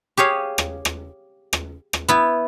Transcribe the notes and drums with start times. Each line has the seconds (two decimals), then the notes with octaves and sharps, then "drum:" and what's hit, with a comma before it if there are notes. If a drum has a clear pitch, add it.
0.17 G4 G#4 C#5 F5
0.58 drum: rim click
0.85 drum: rim click
1.53 drum: rim click
1.93 drum: rim click
2.08 B3 E4